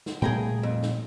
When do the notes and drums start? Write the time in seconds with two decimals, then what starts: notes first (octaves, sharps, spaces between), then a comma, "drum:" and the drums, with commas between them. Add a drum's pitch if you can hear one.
0.06 drum: snare
0.22 A#2 G3 A3 G#4 A#4 G5
0.63 F2
0.82 drum: snare